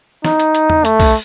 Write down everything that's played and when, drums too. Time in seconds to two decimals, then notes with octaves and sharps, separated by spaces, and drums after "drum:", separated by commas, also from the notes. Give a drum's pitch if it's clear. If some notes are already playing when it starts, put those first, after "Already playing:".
0.25 D#4, drum: snare
0.40 drum: hi-hat
0.55 drum: hi-hat
0.70 drum: tom E2
0.85 A3, drum: hi-hat
1.00 drum: kick B1, open hi-hat